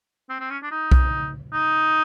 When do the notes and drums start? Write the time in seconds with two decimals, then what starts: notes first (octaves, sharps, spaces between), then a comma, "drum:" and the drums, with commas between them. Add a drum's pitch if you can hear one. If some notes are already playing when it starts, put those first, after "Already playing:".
0.29 C4
0.40 C4
0.50 C#4
0.63 D4
0.71 D#4
0.92 drum: kick B1
1.53 D#4